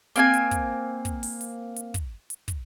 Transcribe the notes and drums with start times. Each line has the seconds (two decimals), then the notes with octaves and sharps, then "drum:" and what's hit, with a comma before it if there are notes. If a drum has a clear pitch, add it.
0.16 A#3 C4 G#5, drum: hi-hat
0.33 drum: hi-hat
0.51 drum: kick, hi-hat
1.05 drum: kick, hi-hat
1.23 drum: open hi-hat
1.41 drum: hi-hat
1.76 drum: hi-hat
1.94 drum: kick, hi-hat
2.30 drum: hi-hat
2.48 drum: kick, hi-hat